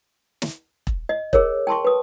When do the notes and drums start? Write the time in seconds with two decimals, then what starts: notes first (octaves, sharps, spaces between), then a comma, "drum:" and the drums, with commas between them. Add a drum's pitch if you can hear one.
0.42 drum: snare
0.87 drum: kick E1
1.09 D#5
1.33 G#4 A#4 C#5, drum: kick E1
1.67 G5 A5 C6 C#6
1.85 B4 D#6